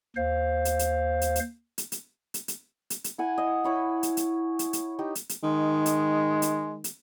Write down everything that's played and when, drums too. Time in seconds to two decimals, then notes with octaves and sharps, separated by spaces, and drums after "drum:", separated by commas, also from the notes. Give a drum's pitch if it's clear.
0.16 D#2 C5 F5
0.65 drum: hi-hat
0.79 drum: hi-hat
1.21 drum: hi-hat
1.36 drum: hi-hat
1.78 drum: hi-hat
1.92 drum: hi-hat
2.34 drum: hi-hat
2.48 drum: hi-hat
2.90 drum: hi-hat
3.04 drum: hi-hat
3.18 E4 F#5 G#5
3.38 D#5
3.64 E4 C#5 B5
4.03 drum: hi-hat
4.17 drum: hi-hat
4.59 drum: hi-hat
4.73 drum: hi-hat
4.99 D#4 G4
5.15 drum: hi-hat
5.29 drum: hi-hat
5.43 D#3 G#3
5.86 drum: hi-hat
6.42 drum: hi-hat
6.84 drum: hi-hat